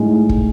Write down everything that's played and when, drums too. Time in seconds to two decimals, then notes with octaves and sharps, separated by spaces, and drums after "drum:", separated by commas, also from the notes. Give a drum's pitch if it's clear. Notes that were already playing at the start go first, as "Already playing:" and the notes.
Already playing: A2 G#3 D#4
0.29 drum: kick